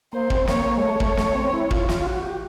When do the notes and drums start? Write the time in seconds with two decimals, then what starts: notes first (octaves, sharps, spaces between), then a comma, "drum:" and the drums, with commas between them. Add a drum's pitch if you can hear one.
0.13 A#3 C5
0.30 C4, drum: kick
0.47 A#3 C#5, drum: snare
0.66 A#3
0.78 G#3
0.83 A3 C#5
1.00 A3, drum: kick
1.17 A3, drum: snare
1.35 C4
1.53 E4
1.71 F4, drum: kick
1.89 F4, drum: snare
2.02 F4
2.06 F#4
2.23 G4